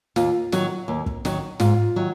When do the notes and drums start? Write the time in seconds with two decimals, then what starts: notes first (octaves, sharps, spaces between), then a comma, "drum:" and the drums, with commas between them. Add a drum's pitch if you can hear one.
0.16 D#2 F4, drum: snare
0.52 D#3 F#3, drum: snare
0.88 D#2
1.06 drum: kick
1.25 D#3 F#3, drum: snare
1.60 G#2 F4, drum: snare
1.96 D#3 F#3